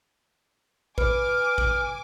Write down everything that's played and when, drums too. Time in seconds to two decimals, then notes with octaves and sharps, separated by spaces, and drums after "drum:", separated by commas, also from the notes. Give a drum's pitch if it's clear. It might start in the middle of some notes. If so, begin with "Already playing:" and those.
0.98 B4 G#5 D6 F6, drum: kick
1.58 drum: kick